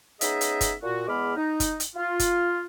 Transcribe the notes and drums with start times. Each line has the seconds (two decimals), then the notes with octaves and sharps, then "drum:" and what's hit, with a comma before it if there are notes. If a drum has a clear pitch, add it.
0.21 B3 C#4 D#4 G#4 D#5 E5, drum: hi-hat
0.41 drum: hi-hat
0.61 drum: kick, hi-hat
0.83 A#2 F#4
1.07 E2 G#3 B3 B5 D6 F6
1.36 D#4
1.60 drum: kick, hi-hat
1.80 drum: hi-hat
1.96 F4
2.19 drum: kick, hi-hat